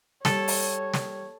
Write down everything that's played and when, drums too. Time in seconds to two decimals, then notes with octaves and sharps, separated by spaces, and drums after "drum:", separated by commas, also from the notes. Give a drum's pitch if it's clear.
0.25 G3 A4 C#5, drum: snare
0.48 drum: open hi-hat
0.94 drum: snare